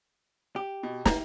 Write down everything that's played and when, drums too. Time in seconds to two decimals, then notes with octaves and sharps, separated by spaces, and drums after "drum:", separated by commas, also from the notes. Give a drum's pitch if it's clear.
0.56 G4
0.83 B2
1.05 A#5, drum: snare